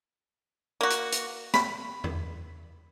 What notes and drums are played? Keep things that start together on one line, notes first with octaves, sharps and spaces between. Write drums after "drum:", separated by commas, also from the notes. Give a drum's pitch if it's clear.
A#3 F#4
drum: hi-hat
drum: hi-hat
B5, drum: snare
drum: tom E2